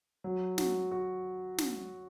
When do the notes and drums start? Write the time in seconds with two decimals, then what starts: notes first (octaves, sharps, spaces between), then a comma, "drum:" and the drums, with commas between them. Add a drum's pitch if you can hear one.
0.24 F#3
0.58 F#4, drum: snare
0.91 F#4
1.58 drum: snare